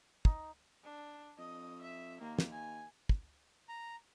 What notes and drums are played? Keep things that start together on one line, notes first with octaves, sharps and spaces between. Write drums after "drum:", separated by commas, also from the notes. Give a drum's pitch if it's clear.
D#4, drum: kick
D4
F2 D#5
E5
D#2 A#3
drum: snare
G#5
drum: kick
A#5